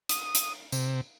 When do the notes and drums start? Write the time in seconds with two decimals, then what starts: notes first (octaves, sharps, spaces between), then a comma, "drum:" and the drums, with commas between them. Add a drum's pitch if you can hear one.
0.09 D#6, drum: hi-hat
0.35 drum: hi-hat
0.72 C3, drum: tambourine